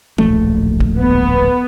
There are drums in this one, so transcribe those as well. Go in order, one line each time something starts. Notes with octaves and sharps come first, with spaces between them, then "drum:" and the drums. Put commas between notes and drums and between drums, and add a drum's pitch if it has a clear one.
D1 A#1 A3, drum: tom
drum: kick
B3